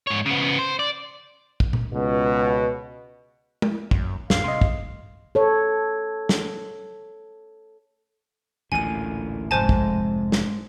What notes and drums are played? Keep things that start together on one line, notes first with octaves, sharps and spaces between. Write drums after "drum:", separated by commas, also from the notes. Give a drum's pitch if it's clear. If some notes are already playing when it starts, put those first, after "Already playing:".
G#2 C#5
C#3 B3
C5
D5
drum: kick
drum: tom A#2
C#2 B2
drum: tom
F#2, drum: kick
A1 F2 F5, drum: snare
C3 D#5 C6
drum: kick
A4 C#5
drum: snare
A1 D2 A#2 G#5 D#7
F1 F2 G#2 G#3 C5 G#5 A5
drum: kick
drum: snare